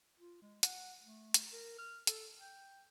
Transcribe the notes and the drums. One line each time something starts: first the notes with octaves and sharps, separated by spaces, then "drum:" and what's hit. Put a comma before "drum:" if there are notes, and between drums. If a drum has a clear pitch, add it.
F4
G#3
F#5, drum: hi-hat
A3
drum: hi-hat
A#4
F6
A4, drum: hi-hat
G5